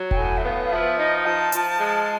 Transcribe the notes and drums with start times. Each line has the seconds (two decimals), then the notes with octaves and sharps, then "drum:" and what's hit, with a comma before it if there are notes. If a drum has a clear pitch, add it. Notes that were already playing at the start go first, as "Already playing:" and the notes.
Already playing: F#3
0.11 G5, drum: kick E1
0.17 A2 G#5
0.37 E5
0.44 B3 F5
0.64 F5
0.72 F3 E5
0.98 D#4 D#5
1.25 F3 A5
1.52 F3, drum: hi-hat
1.80 G#3